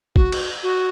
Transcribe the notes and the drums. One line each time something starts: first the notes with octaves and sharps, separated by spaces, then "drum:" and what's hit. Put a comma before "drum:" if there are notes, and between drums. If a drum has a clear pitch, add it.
F#4, drum: kick
drum: cymbal
F#4